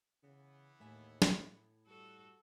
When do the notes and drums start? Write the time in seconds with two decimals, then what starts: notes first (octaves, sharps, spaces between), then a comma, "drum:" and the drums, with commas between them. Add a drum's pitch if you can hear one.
0.23 C#3 E3 B3
0.80 D#2 A2 E5 G#5
1.22 drum: snare
1.87 G3 F#4 A4